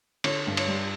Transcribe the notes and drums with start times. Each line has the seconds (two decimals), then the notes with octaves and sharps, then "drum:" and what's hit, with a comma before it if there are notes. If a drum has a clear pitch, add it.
0.24 D3 C#5, drum: cymbal
0.47 G2
0.57 C#5, drum: cymbal
0.68 G3